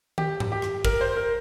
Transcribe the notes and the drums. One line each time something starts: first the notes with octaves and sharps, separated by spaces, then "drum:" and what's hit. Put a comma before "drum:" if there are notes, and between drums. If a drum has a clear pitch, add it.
G4, drum: tom
drum: tom G#2
G4
drum: rim click
A#4, drum: kick
C5
A#4